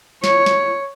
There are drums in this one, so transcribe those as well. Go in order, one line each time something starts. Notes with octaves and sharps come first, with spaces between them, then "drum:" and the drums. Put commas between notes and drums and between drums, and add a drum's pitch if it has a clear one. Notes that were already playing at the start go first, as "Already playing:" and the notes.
C#5, drum: snare
drum: snare